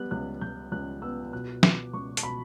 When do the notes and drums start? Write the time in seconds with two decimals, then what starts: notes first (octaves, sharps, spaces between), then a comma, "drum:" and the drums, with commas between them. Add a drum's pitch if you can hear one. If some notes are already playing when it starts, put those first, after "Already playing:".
Already playing: G3 B3 F#6
0.11 C#2 F#6
0.41 C#2 G6
0.72 C#2 F#6
1.02 B3 E6
1.33 B2 F#6
1.63 B3 D6, drum: snare
1.93 C#2 C#6
2.17 A5, drum: hi-hat
2.23 B2 B5